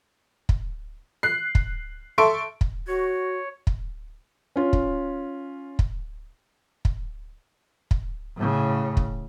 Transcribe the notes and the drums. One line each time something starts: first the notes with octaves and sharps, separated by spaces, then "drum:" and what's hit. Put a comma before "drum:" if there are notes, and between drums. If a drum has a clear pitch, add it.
drum: kick
F#6 C7
drum: kick
A4 E5 C6 C#6 D7
drum: kick
F#4 C#5
drum: kick
C#4 F4
drum: kick
drum: kick
drum: kick
drum: kick
A2 C#3
drum: kick